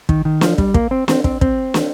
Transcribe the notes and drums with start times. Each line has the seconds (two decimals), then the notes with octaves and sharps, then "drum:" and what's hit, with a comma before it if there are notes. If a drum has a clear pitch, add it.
0.09 D#3, drum: kick
0.25 D#3
0.41 F3, drum: snare
0.58 G3, drum: kick
0.74 A#3, drum: kick
0.91 C4
1.08 C4, drum: snare
1.24 C4, drum: kick
1.41 C4, drum: kick
1.74 drum: snare